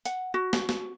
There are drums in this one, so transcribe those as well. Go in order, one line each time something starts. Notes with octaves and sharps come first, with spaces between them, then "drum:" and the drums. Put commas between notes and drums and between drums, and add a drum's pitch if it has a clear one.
F#5, drum: hi-hat
F#4
drum: snare
drum: snare